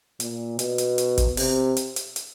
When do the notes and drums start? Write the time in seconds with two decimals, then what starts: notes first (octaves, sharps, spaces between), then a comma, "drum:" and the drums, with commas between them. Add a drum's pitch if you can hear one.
0.20 A#2, drum: hi-hat
0.59 B2, drum: hi-hat
0.78 drum: hi-hat
0.98 drum: hi-hat
1.18 drum: kick, hi-hat
1.37 C3, drum: open hi-hat
1.77 drum: hi-hat
1.96 drum: hi-hat
2.16 drum: hi-hat